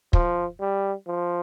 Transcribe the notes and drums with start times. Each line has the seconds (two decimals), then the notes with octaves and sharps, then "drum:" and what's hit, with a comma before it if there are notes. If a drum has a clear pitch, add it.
0.13 F3, drum: kick
0.60 G3
1.07 F3